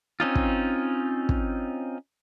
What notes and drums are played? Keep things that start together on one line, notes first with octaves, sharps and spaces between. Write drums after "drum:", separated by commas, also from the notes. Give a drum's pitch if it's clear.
C4 C#4 D#4 F4
drum: kick
drum: kick